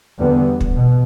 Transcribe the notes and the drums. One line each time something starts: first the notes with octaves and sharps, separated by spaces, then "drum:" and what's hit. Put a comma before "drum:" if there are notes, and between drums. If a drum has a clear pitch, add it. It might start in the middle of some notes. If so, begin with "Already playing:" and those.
E2 D3 G3 B3
drum: kick
B2